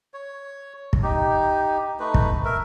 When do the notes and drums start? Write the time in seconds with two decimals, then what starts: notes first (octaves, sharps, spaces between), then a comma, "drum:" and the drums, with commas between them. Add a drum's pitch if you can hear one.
0.14 C#5
0.93 drum: kick
1.03 D#4 G4
2.00 A3 D#4 B4
2.14 drum: kick
2.45 A#4 E5